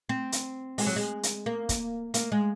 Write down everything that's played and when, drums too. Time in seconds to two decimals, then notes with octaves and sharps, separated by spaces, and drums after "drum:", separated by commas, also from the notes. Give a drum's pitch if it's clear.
0.09 C4
0.32 drum: hi-hat
0.78 G#3, drum: open hi-hat
0.87 F#3
0.96 G#3
1.23 drum: hi-hat
1.46 A#3
1.69 drum: kick, hi-hat
2.14 A#3, drum: hi-hat
2.32 G#3